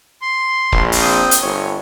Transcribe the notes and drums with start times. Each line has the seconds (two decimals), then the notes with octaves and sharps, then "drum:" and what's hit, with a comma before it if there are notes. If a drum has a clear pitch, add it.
0.22 C6
0.72 A#1, drum: kick
0.92 drum: open hi-hat
1.01 C4 D#6 G6
1.31 drum: hi-hat
1.42 G1 C#5